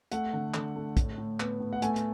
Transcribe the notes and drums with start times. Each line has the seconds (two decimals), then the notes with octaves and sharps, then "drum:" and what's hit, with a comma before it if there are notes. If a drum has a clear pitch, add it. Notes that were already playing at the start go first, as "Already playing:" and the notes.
0.12 A3 F#5, drum: hi-hat
0.33 D3
0.54 D3, drum: clap
0.76 A3
0.97 A2, drum: kick, hi-hat
1.18 A2
1.40 B3, drum: clap
1.60 A2
1.73 F#5
1.82 A3 G#5, drum: hi-hat
1.96 drum: hi-hat